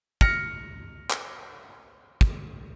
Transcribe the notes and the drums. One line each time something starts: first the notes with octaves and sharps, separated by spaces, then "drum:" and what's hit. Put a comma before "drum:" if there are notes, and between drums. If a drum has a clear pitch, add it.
F6 A#6 C#7, drum: kick
drum: clap
drum: kick